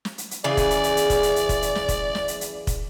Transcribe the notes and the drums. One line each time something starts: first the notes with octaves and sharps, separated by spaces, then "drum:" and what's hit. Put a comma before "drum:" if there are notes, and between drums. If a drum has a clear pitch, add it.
drum: snare
drum: hi-hat
drum: hi-hat
C#3 E3 G#4 D5
drum: kick, hi-hat
drum: hi-hat
drum: hi-hat
drum: hi-hat
drum: kick, hi-hat
drum: hi-hat
drum: hi-hat
drum: kick, hi-hat
drum: hi-hat
drum: snare
drum: kick, hi-hat
drum: snare
drum: hi-hat
drum: hi-hat
drum: kick, hi-hat